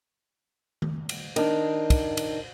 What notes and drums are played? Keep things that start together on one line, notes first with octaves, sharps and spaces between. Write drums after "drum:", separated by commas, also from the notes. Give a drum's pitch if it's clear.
drum: tom D#3
drum: cymbal
D#3 D4, drum: cymbal
drum: kick, cymbal
drum: cymbal